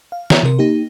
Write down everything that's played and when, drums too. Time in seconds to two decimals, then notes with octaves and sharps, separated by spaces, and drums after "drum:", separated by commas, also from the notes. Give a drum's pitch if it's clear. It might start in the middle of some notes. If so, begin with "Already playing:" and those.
0.12 F5
0.30 C#5 E5 A#5, drum: snare
0.43 C3 A#4
0.59 A#3 D#4 G4